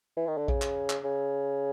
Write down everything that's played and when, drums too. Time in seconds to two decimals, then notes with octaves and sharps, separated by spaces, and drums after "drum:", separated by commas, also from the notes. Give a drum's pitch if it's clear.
0.17 E3
0.27 D#3
0.37 D3
0.48 C#3, drum: kick A#1
0.62 drum: clap
0.90 drum: clap
1.04 C#3